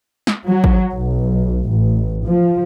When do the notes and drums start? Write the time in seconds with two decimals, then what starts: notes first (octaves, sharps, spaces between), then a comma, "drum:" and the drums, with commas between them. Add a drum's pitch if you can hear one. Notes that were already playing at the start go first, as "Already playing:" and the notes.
0.27 drum: snare
0.46 F#3
0.64 drum: kick
0.92 B1
1.69 A1
2.25 F3